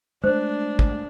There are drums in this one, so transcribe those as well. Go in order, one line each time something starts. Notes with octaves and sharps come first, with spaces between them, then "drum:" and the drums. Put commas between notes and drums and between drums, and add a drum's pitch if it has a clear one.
G#3 A3 D4 C5
drum: kick